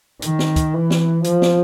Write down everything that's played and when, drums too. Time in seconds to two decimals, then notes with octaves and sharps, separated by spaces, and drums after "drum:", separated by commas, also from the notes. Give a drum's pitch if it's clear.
0.22 D#3, drum: hi-hat
0.39 drum: snare
0.56 drum: kick, hi-hat
0.73 E3
0.90 drum: snare
1.24 F3, drum: hi-hat
1.42 drum: snare